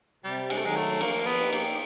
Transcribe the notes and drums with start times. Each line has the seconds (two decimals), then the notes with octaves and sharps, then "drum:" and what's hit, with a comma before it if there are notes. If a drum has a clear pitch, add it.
0.24 C3 G3
0.50 G#3, drum: cymbal
0.58 A3
0.63 D#3 F#3 G#3
0.76 A3
1.01 F3 A#3, drum: cymbal
1.26 B3
1.39 A#3 D#4 G4
1.53 drum: cymbal